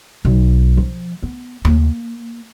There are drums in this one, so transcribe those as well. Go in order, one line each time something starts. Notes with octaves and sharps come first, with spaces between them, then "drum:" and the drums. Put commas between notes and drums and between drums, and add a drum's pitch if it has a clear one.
B1
F3
B3
A#3, drum: tom D#2